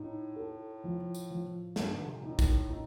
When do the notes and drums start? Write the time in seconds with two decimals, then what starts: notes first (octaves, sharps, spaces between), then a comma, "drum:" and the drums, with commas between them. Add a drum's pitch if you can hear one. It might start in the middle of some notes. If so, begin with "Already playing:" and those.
Already playing: A2 D#4
0.36 A4
0.84 F3
1.14 drum: tambourine
1.30 F3
1.76 G2 A4, drum: snare
1.96 D3
2.05 C3
2.15 A#2
2.23 A2 D#4
2.39 drum: kick, tambourine
2.69 A2 D#4